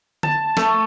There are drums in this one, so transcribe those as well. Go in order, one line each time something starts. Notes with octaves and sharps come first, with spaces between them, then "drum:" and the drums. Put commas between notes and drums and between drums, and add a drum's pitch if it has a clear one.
A5, drum: tom D3
A3, drum: snare